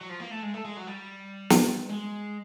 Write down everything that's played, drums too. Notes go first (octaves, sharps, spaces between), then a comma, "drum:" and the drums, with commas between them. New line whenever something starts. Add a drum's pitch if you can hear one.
F#3
F3
A#3
A3
G#3
A3
G#3
F#3
G3
drum: snare
G#3